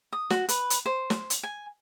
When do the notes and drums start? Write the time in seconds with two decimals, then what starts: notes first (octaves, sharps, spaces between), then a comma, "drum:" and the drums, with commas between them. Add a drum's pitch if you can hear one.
0.13 D#6
0.30 F#4, drum: snare
0.49 B4, drum: hi-hat
0.70 drum: hi-hat
0.86 C5
1.10 drum: snare
1.30 drum: hi-hat
1.43 G#5